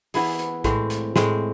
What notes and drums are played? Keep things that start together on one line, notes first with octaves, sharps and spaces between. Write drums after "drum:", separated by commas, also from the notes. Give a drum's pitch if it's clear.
E3 B3 E4 G#4, drum: open hi-hat
drum: hi-hat
A2 G#3 C4, drum: kick A#1, hi-hat
drum: hi-hat
A2 G#3 C4, drum: snare